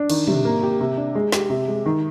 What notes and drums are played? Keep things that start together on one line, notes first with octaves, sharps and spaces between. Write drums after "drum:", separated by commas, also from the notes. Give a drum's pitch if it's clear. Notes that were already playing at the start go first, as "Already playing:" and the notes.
Already playing: D4
D#3, drum: cymbal
C3, drum: tom
A#3
G4
C3
D4
G#3
G4, drum: snare
C3
G#3
D#3